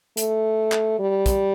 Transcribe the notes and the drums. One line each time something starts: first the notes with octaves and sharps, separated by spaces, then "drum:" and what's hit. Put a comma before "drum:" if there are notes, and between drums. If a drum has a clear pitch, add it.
A3, drum: hi-hat
drum: clap
G3
drum: kick, hi-hat